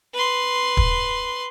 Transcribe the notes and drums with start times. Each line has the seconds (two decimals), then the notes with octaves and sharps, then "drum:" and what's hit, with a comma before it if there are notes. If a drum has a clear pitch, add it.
0.14 B4 C6
0.77 drum: kick